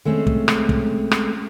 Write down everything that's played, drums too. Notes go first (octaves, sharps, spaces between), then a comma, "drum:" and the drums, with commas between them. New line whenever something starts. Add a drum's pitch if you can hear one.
G#3 A3 C4 C#4
drum: kick
drum: rim click
drum: kick
drum: rim click